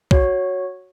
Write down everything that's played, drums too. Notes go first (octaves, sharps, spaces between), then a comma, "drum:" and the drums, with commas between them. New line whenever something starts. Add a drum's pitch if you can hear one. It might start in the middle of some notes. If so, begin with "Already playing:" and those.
F#4 C#5, drum: kick